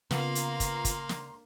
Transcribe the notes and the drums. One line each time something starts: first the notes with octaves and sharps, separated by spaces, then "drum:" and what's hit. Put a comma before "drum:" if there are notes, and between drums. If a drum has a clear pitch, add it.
C#3 A#3 B3 F4 F5 A#5 C6, drum: snare
drum: hi-hat
drum: kick, hi-hat
drum: kick, hi-hat
drum: snare